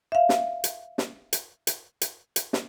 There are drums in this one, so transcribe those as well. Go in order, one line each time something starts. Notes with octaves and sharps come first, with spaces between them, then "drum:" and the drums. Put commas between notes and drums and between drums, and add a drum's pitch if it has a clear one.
E5 F5
drum: snare
drum: hi-hat
drum: snare
drum: hi-hat
drum: hi-hat
drum: hi-hat
drum: hi-hat
drum: snare